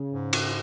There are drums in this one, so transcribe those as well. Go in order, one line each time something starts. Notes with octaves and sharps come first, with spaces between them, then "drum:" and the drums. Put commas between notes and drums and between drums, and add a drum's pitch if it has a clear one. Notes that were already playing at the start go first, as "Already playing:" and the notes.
Already playing: C#3
G#2
drum: cymbal